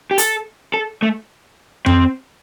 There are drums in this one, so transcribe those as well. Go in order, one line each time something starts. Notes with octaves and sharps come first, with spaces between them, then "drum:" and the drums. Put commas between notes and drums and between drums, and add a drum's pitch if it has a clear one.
G4
A4, drum: hi-hat
A4
A3
C4, drum: tom F2